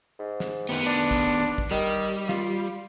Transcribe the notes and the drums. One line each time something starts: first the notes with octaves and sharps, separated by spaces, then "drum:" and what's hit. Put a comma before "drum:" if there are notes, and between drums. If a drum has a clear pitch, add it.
G#2
drum: snare
C3 D#3 B3
D4
drum: kick
drum: kick
D#3 G3
F4, drum: snare